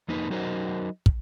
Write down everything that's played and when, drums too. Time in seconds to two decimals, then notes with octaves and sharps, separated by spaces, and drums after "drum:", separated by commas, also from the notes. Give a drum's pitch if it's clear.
0.08 F2 A#3 D#4 B4
0.30 F#3 D#4 F#4 A#4 C5 D#5
1.06 drum: kick